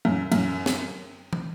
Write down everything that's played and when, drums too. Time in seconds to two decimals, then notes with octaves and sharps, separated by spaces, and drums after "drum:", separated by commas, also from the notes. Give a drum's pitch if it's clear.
0.05 F#2
0.32 F#2, drum: cymbal
0.66 drum: snare
1.33 drum: tom